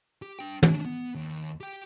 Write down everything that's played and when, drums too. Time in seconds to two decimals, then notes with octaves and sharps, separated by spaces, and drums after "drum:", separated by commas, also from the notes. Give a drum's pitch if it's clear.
0.22 G4
0.39 D4 G5
0.63 C#4 D4, drum: tom
0.85 B3
1.15 D#2
1.60 G4 G5